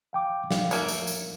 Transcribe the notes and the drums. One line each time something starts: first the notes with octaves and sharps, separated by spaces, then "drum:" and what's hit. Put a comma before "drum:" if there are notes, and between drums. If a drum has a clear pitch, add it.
F5 G5 D6
F5, drum: snare
A3 A#3 C#5, drum: tambourine
drum: tambourine
drum: tambourine